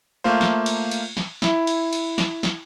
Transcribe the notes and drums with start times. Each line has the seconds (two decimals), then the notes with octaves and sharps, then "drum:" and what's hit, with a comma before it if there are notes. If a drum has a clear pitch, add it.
0.24 A3 A#3 F4 C5
0.41 drum: snare
0.66 drum: cymbal
0.91 drum: cymbal
1.17 drum: snare
1.42 E4, drum: snare
1.67 drum: cymbal
1.93 drum: cymbal
2.18 drum: snare
2.43 drum: snare